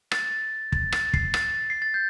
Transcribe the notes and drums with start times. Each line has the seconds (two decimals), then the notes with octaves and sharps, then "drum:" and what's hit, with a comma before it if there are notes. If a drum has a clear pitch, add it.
0.12 A6, drum: rim click
0.72 A6, drum: kick
0.92 A6, drum: rim click
1.14 C7, drum: kick
1.34 A6, drum: rim click
1.70 C7
1.82 A6
1.94 G6